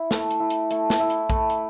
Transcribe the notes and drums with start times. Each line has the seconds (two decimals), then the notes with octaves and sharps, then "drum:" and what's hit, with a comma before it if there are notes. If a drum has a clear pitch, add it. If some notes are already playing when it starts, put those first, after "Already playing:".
Already playing: E4
0.11 A3, drum: snare
0.30 drum: hi-hat
0.40 E4
0.50 drum: hi-hat
0.71 A3, drum: hi-hat
0.90 drum: snare
1.00 E4
1.10 drum: hi-hat
1.30 A3 B5, drum: kick A#1, hi-hat
1.50 drum: hi-hat